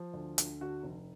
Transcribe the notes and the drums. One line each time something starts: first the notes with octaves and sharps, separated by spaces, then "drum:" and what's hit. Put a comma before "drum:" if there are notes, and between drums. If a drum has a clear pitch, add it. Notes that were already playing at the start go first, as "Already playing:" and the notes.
Already playing: F3
D2
D2, drum: hi-hat
D3 F#4
F1